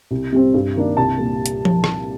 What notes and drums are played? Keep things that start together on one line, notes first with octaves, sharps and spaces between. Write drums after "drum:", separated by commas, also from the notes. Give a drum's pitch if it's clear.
C2
C3 G3 C4
G2
D#3 A#3 D4
C2 A5
A#2 G3
drum: hi-hat
drum: tom F3
drum: rim click